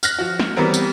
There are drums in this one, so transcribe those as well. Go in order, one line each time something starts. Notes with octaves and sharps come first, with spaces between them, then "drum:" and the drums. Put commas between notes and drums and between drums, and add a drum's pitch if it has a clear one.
F6 F#6 A#6, drum: tambourine
F3 F#4
drum: snare
E3 G3 B3 C4 A#4
drum: tambourine